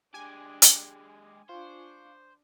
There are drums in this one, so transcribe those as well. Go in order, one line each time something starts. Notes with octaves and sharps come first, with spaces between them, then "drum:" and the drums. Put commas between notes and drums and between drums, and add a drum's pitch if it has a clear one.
G#3 D4 G4 G#5 D6
drum: hi-hat
D4 F4 C5 C#6